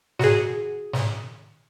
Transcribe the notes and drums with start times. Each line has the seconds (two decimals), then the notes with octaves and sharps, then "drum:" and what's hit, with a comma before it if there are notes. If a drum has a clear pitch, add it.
0.19 F#4 G#4, drum: snare
0.93 drum: snare